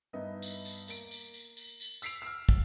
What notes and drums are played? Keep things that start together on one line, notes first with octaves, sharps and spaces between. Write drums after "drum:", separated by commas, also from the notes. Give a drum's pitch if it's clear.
G2 B3 D#4 D#5 E5
drum: tambourine
drum: tambourine
A#3 D7, drum: tambourine
drum: tambourine
drum: tambourine
drum: tambourine
drum: tambourine
E6 B6 C7 D7 F7, drum: tambourine
E6 F6
drum: kick